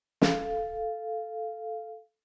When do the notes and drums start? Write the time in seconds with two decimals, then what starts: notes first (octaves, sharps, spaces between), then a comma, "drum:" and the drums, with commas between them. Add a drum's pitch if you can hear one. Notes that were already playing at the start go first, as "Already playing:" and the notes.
0.22 A4 F5, drum: snare